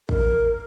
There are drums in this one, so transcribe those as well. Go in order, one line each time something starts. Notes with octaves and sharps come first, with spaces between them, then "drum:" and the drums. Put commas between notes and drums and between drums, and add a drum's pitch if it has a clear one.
A#4, drum: kick A1